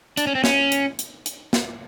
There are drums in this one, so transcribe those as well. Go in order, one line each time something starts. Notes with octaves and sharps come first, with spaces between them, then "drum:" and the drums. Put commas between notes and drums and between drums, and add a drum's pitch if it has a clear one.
D4, drum: hi-hat
C#4
C4
C#4, drum: snare
drum: hi-hat
drum: hi-hat
drum: hi-hat
drum: snare